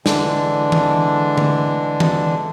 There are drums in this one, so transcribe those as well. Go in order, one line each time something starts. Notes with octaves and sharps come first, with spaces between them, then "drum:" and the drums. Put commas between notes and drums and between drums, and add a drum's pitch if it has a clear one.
D3 E3 G#3 D4, drum: snare
drum: tom D#3
drum: tom D3
drum: tom D#3